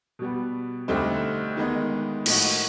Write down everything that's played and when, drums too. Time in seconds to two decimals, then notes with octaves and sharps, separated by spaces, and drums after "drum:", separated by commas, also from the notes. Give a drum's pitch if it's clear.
0.19 B2 G3 B3
0.88 D2 D3 G3 C4 D#4
1.57 D#3 G#3 B3 D#4
2.26 A2 F3 A#3 D#4 F#4, drum: cymbal
2.42 drum: hi-hat